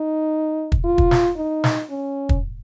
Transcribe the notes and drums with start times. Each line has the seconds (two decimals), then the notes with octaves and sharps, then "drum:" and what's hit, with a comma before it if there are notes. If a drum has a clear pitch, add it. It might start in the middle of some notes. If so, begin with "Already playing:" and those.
Already playing: D#4
0.72 drum: kick
0.84 F4
0.98 drum: kick
1.11 drum: snare
1.37 D#4
1.64 drum: snare
1.90 C#4
2.29 drum: kick